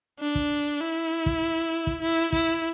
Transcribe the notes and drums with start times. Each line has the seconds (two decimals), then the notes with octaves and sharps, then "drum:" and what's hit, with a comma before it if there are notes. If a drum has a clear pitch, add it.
0.20 D4
0.35 drum: kick
0.81 E4
1.26 drum: kick
1.87 drum: kick
2.02 E4
2.32 E4, drum: kick